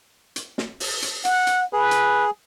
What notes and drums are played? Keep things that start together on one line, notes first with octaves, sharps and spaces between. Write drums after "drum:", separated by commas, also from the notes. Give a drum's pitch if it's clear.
drum: hi-hat
drum: snare
drum: open hi-hat
drum: hi-hat
F#5, drum: hi-hat
drum: hi-hat
G#4 B4
drum: hi-hat